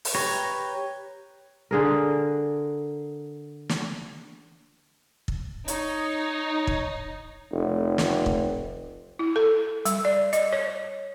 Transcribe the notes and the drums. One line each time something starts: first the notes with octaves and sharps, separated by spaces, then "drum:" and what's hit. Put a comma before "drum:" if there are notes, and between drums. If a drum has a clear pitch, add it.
drum: open hi-hat
G4 B4 C#5 A#5
D3 G#4 A#4
drum: snare
drum: kick
D#4 C#5, drum: hi-hat
drum: kick
F1
drum: snare
drum: kick
E4
A4
G3, drum: hi-hat
D5
D#5, drum: hi-hat
C#5